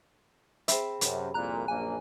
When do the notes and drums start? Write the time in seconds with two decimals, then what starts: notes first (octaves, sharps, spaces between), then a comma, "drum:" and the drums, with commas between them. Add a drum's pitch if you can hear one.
0.68 C4 G#4 E5 B5, drum: hi-hat
1.01 F#2 C3, drum: hi-hat
1.34 C2 F2 A#2 A#5 F#6
1.68 A#1 F#2 A#3 G#5